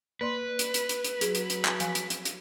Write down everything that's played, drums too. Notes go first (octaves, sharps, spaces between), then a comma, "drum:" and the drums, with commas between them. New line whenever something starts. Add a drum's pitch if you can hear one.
A#3 B4 D5 C6
drum: hi-hat
drum: hi-hat
drum: hi-hat
drum: hi-hat
F#3 G#4, drum: hi-hat
drum: hi-hat
drum: hi-hat
drum: clap
F3 F5 G#5, drum: hi-hat
drum: hi-hat
drum: hi-hat
drum: hi-hat